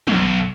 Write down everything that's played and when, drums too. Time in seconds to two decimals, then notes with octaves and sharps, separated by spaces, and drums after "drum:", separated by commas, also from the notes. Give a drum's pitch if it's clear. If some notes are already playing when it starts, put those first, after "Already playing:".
0.07 B1, drum: tom